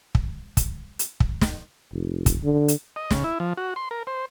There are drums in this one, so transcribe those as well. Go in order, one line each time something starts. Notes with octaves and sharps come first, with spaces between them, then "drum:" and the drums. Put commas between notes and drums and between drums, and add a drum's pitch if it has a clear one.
drum: kick
drum: kick, hi-hat
drum: hi-hat
drum: kick
drum: snare
F1
drum: kick, hi-hat
D3
drum: hi-hat
D#5
C#3, drum: snare
E4
F3
F#4
C6
A#4
C5